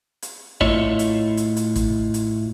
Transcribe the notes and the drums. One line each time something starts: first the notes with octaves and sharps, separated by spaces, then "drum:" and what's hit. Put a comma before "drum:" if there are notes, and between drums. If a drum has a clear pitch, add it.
drum: hi-hat
A2 E4 F4 C#5 D#5, drum: kick A1
drum: hi-hat
drum: hi-hat
drum: hi-hat
drum: kick A1, hi-hat
drum: hi-hat